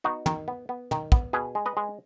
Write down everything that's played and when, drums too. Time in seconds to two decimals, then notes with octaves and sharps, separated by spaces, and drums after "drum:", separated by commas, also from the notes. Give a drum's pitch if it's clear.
0.04 B3 D#4 F#4
0.26 D#3, drum: tom
0.48 B3
0.69 B3
0.91 D#3, drum: tom
1.12 B3, drum: kick
1.33 B2 G#4 B4
1.55 G#3
1.66 B4 D#5
1.77 G#3